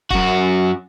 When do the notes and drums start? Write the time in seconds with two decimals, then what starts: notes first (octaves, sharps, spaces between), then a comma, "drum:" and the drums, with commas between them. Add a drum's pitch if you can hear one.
0.10 F#2 F#4, drum: kick